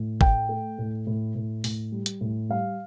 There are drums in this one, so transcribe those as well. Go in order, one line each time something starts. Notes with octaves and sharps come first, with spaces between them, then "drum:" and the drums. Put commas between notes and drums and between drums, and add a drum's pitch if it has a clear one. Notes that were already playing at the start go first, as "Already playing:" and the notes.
Already playing: A2
A3 G5, drum: kick G#1
A3
A2
A2
A2
A2, drum: open hi-hat
G3
drum: hi-hat
A2
G3 F5